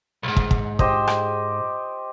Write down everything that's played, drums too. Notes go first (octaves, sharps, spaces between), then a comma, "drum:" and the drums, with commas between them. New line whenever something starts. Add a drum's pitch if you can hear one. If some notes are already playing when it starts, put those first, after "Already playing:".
B1 G#2
drum: kick
drum: kick
G4 C5 D#5, drum: kick
drum: rim click